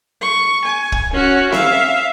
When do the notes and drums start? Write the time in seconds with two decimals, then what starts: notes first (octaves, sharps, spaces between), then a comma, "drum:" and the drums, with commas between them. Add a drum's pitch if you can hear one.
0.22 C#6
0.65 G#5
0.92 drum: kick
1.14 C#4 F#4
1.52 E5 F5, drum: snare C4